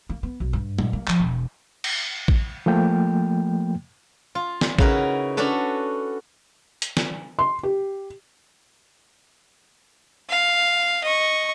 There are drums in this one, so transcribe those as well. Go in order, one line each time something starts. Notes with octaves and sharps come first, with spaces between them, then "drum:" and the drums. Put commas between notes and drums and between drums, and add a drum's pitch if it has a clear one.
A#3
B3
B1
G2
A#2, drum: tom
A#3
F3, drum: clap
E1
drum: cymbal
drum: kick A1
F3 A3 A#3 G5
F4
drum: snare
C#3 D#4 E4 F#4 A#4 B4, drum: kick A1
C#4 D4 F#4 A4 B4
drum: hi-hat
drum: snare
C6
G4
F5
D#5 C#6